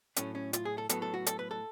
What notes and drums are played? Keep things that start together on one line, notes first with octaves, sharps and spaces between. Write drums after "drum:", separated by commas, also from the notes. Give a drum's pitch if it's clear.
A2 F#3 A3 C#4, drum: hi-hat
C#4
F4, drum: hi-hat
G#4
A4
A2 F#3 B3 A4, drum: hi-hat
A4
F#4
A4, drum: hi-hat
B4
A4